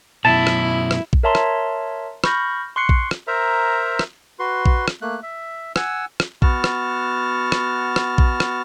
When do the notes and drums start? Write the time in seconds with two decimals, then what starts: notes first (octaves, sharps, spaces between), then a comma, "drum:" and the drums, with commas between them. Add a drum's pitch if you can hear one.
0.25 F#2 B2 E4 A5
0.47 drum: rim click
0.91 drum: rim click
1.13 drum: kick
1.23 A#4 C#5 E5 A5 A#5 C6
1.35 drum: rim click
2.24 B5 C#6 F6 G6 A#6, drum: rim click
2.76 C6 C#6 F#6 C7 C#7
2.89 drum: kick
3.11 drum: rim click
3.27 A#4 C5 E5 A#5
3.99 drum: rim click
4.39 F#4 B4 C6
4.66 drum: kick
4.88 drum: rim click
5.02 A3 A#3 F#6
5.23 E5
5.76 F#5 G#5 E6, drum: rim click
6.20 drum: rim click
6.42 B3 F#4 A5 F6, drum: kick
6.64 drum: rim click
7.52 drum: rim click
7.96 drum: rim click
8.18 drum: kick
8.40 drum: rim click